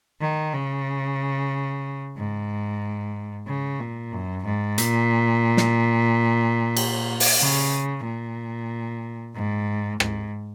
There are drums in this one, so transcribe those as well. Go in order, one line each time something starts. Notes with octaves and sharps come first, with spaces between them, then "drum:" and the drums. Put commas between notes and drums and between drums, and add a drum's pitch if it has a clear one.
D#3
C#3
G#2
C#3
A#2
F#2
G#2
A#2, drum: hi-hat
drum: snare
drum: cymbal
drum: open hi-hat
C#3
A#2
G#2
G#2, drum: rim click